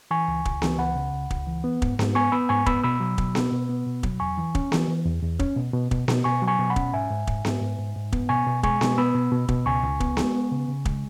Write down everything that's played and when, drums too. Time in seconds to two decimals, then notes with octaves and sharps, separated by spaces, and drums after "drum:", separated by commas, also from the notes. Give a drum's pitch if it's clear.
0.11 E3 G#5 C#6
0.28 C#2
0.45 C#2, drum: kick
0.62 E3, drum: snare B3
0.79 C#2 F#5 B5
0.95 C#3
1.13 C#2
1.30 C#2, drum: kick
1.47 E3
1.64 B3
1.82 G#2, drum: kick
1.99 G#2, drum: snare B3
2.15 B3 G#5 C#6
2.32 B3 B5 E6
2.49 G#2 G#5 C#6
2.66 B3 B5 E6, drum: kick
2.84 B2 B5 E6
3.00 F#3
3.18 B2, drum: kick
3.35 B3, drum: snare B3
3.52 B2
3.69 B3
3.86 B2
4.03 F#3, drum: kick
4.20 E2 G#5 C#6
4.38 E3
4.55 C#4, drum: kick
4.72 E3, drum: snare B3
4.88 E3
5.06 E2
5.23 E2
5.39 C#4, drum: kick
5.56 B2
5.73 B2
5.91 B2, drum: kick
6.08 B2, drum: snare B3
6.24 B2 G#5 C#6
6.42 F#3
6.48 G#5 C#6
6.59 B2
6.70 F#5 B5
6.76 C#4, drum: kick
6.93 G#2 E5 G#5
7.10 G#2
7.27 G#2, drum: kick
7.45 G#2, drum: snare B3
7.61 G#2
7.79 G#2
7.96 G#2
8.12 B3, drum: kick
8.29 B2 G#5 C#6
8.47 B2
8.63 G#3 G#5 C#6, drum: kick
8.81 B2, drum: snare B3
8.98 B3 B5 E6
9.15 B2
9.32 B2
9.48 B2, drum: kick
9.66 C#2 G#5 C#6
9.83 C#2
10.00 B3, drum: kick
10.17 G#3, drum: snare B3
10.35 B3
10.52 C#3
10.68 C#3
10.85 G#3, drum: kick